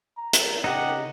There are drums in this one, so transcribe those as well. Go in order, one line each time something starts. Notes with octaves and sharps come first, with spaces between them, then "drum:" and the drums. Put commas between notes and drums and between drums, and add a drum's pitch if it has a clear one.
A#5
drum: hi-hat
C#3 D#4 G4 F#5